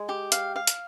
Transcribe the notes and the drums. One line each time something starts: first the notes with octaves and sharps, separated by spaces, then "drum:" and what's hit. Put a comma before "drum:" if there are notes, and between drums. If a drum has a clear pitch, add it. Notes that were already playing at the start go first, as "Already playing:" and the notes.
Already playing: G#3
G4
F5, drum: hi-hat
F5
drum: hi-hat